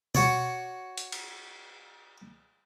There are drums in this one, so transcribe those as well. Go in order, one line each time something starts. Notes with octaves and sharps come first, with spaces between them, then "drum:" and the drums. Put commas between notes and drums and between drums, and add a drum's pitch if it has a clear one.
F#4 C#5 D5, drum: tom B2
drum: hi-hat
drum: cymbal